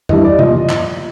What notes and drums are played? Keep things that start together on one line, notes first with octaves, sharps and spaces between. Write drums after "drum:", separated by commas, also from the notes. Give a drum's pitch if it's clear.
G2 E3 D#5, drum: tom F2
D5
A#2 F3 D#5, drum: tom C#3
drum: clap